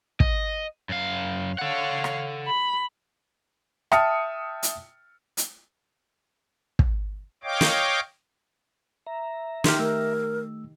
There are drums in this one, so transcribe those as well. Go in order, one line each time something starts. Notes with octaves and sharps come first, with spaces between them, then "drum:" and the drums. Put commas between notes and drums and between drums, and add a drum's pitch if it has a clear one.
D#5, drum: kick
F#2 F5
A4 C#5 F5 F#5
drum: rim click
B5
E5 G5 A5 D#6 F6 C#7, drum: rim click
drum: hi-hat
drum: hi-hat
drum: kick
C#5 D#5 F5 G5 D6
drum: snare
E5 A#5
D#3 G4 C6 F6, drum: snare
A3 A#4 E6